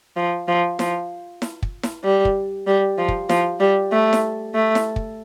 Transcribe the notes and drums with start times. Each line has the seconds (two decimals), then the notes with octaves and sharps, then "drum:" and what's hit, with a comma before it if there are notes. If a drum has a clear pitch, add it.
0.16 F3
0.48 F3
0.79 F3, drum: snare E4
1.42 drum: snare E4
1.63 drum: kick
1.83 drum: snare E4
2.04 G3
2.25 drum: kick
2.67 G3
2.98 F3
3.08 drum: kick
3.29 F3, drum: snare E4
3.60 G3
3.92 A3
4.13 drum: snare E4
4.55 A3
4.75 drum: snare E4
4.96 drum: kick